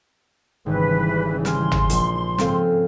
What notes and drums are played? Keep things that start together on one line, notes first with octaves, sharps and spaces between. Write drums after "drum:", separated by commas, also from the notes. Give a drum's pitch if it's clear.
G#1 C#3 E3 G3 B4
G#5 C6 F6, drum: snare
drum: tom
A#1, drum: hi-hat
G#2 C#3 C4 A4 F5, drum: snare